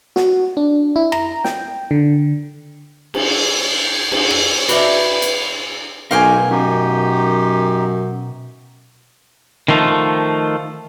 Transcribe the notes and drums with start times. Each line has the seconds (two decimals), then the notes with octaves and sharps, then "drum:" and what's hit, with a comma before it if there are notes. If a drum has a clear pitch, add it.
0.16 F#4, drum: snare
0.57 D4
0.96 E4
1.12 A#5, drum: rim click
1.44 G5, drum: snare
1.91 D3
3.14 drum: cymbal
4.11 drum: cymbal
4.30 drum: rim click
4.69 F#4 B4 D5 E5, drum: hi-hat
5.22 drum: hi-hat
6.11 B1 B2 A#4 F5 G5 G#5
6.51 F#2 D#4 G4
9.68 D#3 F3 A3 F4